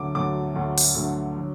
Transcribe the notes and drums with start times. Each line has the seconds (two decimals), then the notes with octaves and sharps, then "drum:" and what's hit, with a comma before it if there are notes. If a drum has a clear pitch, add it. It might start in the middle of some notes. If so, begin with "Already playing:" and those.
Already playing: D2 D3 F#3 A3 D6
0.15 D2 D3 F#3 A3 D6
0.54 D2 D3 F#3 A3
0.78 drum: open hi-hat
0.94 D2 D3 F#3 A3
1.37 D3 F#3